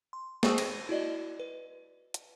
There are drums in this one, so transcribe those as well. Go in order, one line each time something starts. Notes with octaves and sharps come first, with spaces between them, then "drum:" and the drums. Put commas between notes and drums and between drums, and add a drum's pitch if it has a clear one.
C6
G#4 C5 G5 C#6 D#6 E6, drum: snare
A#6 D#7, drum: cymbal
E4 F#4 D5 D#5
B4
drum: hi-hat